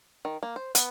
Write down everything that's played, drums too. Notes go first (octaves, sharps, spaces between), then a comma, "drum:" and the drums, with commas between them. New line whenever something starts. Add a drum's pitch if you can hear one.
D#3
A#3
C5
B3, drum: hi-hat